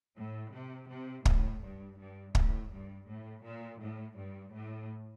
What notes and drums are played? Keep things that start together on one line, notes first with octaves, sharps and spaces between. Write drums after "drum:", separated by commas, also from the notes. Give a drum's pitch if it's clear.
A2
C3
C3
A2, drum: kick
G2
G2
A2, drum: kick
G2
A2
A#2
A2
G2
A2